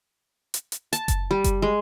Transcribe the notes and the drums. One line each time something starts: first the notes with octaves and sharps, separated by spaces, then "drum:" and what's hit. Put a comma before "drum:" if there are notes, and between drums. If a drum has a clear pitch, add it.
drum: hi-hat
drum: hi-hat
A5, drum: hi-hat
drum: kick F#1, hi-hat
G3
drum: kick F#1, hi-hat
G#3